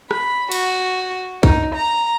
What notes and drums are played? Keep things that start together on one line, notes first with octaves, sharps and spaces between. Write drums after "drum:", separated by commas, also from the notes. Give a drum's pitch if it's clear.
B5, drum: rim click
F#4, drum: cymbal
D#4, drum: kick
A#5